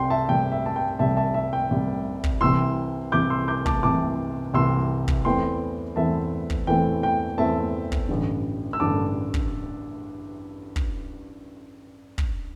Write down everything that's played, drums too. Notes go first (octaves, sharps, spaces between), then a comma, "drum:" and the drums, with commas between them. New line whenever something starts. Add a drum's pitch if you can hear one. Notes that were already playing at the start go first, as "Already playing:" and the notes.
Already playing: C2 C3 G3 G5 C6
E5 A5
C2 C3 G3 G5
E5
A5
G5
C2 C3 G3 E5 A5
E5 A5
E5
G5
C2 C3 G3
drum: kick
C2 C3 E3 C6 E6
C2 C3 E3 D6 G6
C6 E6
D6 G6
A5 D6, drum: kick
C2 C3 E3 A5 D6
C2 C3 E3 C6 E6
drum: kick
E2 E3 A3 C4 G5 C6
E2 E3 A3 C4 E5 A5
drum: kick
E2 E3 A3 C4 G5
G5
E2 E3 A3 C4 E5 A5
drum: kick
A1 G2 D3
E6
A1 G2 D3 A5 D6
drum: kick
drum: kick
drum: kick